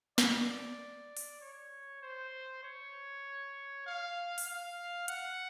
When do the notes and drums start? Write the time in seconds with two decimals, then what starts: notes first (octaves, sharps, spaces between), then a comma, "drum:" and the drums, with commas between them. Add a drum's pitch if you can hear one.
0.18 D5, drum: snare
1.17 drum: open hi-hat
1.41 C#5
2.02 C5
2.63 C#5
3.86 F5
4.38 drum: open hi-hat
4.47 F5
5.08 F#5, drum: hi-hat